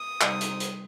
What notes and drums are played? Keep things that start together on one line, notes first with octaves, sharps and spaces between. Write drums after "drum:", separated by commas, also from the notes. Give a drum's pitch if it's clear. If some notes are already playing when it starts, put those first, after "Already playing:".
Already playing: D#6
C3 G3 C4 D#4, drum: clap
drum: hi-hat
drum: hi-hat